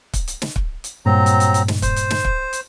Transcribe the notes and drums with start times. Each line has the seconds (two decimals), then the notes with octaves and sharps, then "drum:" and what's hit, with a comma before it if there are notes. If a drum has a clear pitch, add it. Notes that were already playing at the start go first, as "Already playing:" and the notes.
0.13 drum: kick, hi-hat
0.28 drum: hi-hat
0.42 drum: snare
0.56 drum: kick
0.84 drum: hi-hat
1.06 G2 A#2 F#3 C4 A#5
1.26 drum: hi-hat
1.40 drum: hi-hat
1.54 drum: hi-hat
1.68 drum: snare
1.82 C5, drum: kick, hi-hat
1.96 drum: hi-hat
2.10 drum: snare
2.25 drum: kick
2.53 drum: hi-hat